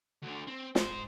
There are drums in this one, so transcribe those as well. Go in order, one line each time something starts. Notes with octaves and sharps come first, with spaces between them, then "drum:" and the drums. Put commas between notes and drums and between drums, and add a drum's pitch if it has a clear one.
D2 D3
C4
G#2 C5, drum: snare